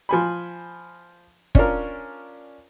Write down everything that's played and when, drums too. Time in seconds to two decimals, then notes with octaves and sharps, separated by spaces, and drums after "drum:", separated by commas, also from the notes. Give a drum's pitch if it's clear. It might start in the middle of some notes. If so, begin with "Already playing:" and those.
0.09 F3 G#5 B5
1.55 C#4 D4 F4 A#4, drum: kick